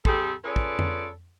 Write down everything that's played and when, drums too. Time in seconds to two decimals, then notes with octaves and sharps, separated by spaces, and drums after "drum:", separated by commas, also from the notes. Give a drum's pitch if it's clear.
0.05 C3 G3 G#4 A4, drum: kick
0.44 C#4 F4 G#4 A4 B4 D5
0.56 drum: kick
0.79 drum: tom F2